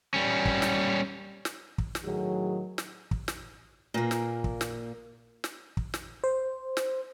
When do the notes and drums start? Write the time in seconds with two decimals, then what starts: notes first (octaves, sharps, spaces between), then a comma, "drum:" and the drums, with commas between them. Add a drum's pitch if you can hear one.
0.14 G3 C#4
0.45 drum: kick
0.62 drum: snare
1.45 drum: snare
1.78 drum: kick
1.95 drum: snare
2.04 A2 D#3 F#3 G#4
2.78 drum: snare
3.11 drum: kick
3.28 drum: snare
3.94 A#2 A#3
4.11 drum: snare
4.44 drum: kick
4.61 drum: snare
5.44 drum: snare
5.77 drum: kick
5.94 drum: snare
6.24 C5
6.77 drum: snare